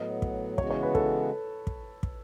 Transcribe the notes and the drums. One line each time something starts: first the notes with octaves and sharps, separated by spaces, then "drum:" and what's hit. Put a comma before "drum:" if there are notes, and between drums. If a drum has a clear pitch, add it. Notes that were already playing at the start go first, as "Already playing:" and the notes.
Already playing: A2 F#3 B3 D#5
drum: kick
C#3 E3 G#3 B3 F#4 C#5, drum: kick
C#5
B4
A4, drum: kick
drum: kick
drum: kick